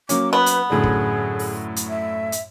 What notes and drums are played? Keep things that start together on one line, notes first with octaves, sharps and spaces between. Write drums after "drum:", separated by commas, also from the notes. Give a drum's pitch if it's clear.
F#3 A#3 C#4 D6, drum: hi-hat
B3 B4
drum: hi-hat
F#2 A2 D3 G#4
drum: kick
drum: open hi-hat
drum: hi-hat
E5
drum: hi-hat